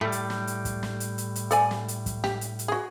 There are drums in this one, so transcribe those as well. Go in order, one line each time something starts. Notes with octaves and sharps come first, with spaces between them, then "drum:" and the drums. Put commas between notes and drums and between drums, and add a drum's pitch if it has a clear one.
A2 G3 A3
drum: hi-hat
drum: snare
drum: hi-hat
drum: kick, hi-hat
drum: snare
drum: hi-hat
drum: hi-hat
drum: hi-hat
A4 D5 G#5, drum: hi-hat
drum: snare
drum: hi-hat
drum: kick, hi-hat
G4, drum: snare
drum: hi-hat
drum: hi-hat
F#4 G#4